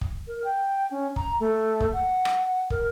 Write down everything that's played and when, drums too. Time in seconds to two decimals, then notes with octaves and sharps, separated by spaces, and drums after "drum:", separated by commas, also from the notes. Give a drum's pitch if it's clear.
0.01 drum: kick
0.27 A#4
0.44 G5
0.91 C#4
1.16 A#5, drum: kick
1.40 A3
1.80 drum: kick
1.93 F#5
2.25 drum: rim click
2.70 A#4, drum: kick